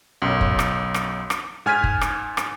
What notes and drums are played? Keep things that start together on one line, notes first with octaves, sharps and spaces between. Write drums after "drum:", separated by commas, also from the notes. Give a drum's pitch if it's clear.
B1 F#2
drum: kick
drum: rim click
drum: rim click
drum: rim click
G#2 G#5 F6 G#6 B6 D#7
drum: kick
drum: rim click
drum: rim click